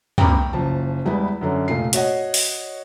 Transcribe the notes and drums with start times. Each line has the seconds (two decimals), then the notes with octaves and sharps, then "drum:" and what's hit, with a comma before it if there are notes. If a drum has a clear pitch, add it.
0.18 G5 A#5 B5 D6, drum: tom
0.53 F#1 F3 A5
1.05 E2 G3 G#3 E4 B4
1.41 F#2 D3 C#4
1.68 F1 A#2 F4 C7
1.93 F#4 C#5 D#5 F#5, drum: hi-hat
2.34 drum: open hi-hat